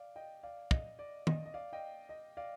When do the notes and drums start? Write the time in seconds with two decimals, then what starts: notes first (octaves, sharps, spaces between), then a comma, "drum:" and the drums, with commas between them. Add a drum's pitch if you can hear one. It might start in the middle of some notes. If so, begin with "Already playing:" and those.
Already playing: D5 F5
0.16 D#5 G5
0.43 D5 F5
0.71 D#5, drum: kick
0.99 D5
1.27 D#5, drum: tom D#3
1.46 D#5
1.54 D5 F5
1.73 D#5 G5
2.09 D#5
2.37 D5 F5